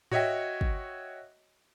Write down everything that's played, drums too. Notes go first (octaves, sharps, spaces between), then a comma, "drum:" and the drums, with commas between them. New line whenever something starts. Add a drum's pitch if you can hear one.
F#4 C#5 D#5 E5 G5, drum: tom G#2
drum: kick